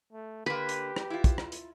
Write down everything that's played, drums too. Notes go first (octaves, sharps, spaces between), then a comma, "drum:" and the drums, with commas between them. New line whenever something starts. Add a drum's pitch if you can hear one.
A3
D3 A#3 G4 B4
drum: hi-hat
drum: rim click
E4 F4
drum: kick, hi-hat
drum: rim click
drum: hi-hat